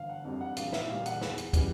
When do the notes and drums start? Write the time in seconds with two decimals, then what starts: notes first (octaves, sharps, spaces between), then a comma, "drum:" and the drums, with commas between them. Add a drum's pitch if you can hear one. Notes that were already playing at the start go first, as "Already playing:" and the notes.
Already playing: G1 F5
0.09 F#5
0.25 F2 D3 G3 C4
0.41 F#5
0.57 A#1 F5, drum: hi-hat
0.73 E5, drum: snare
0.89 A#2 G3 F5
1.06 F#5, drum: hi-hat
1.21 E2, drum: snare
1.38 drum: hi-hat
1.53 C#3 E3 G3, drum: kick, hi-hat